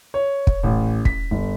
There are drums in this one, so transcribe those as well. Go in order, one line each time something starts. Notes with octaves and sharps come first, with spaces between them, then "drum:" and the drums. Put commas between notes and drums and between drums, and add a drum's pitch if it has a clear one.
C#5
drum: kick
A1
B6, drum: kick
G1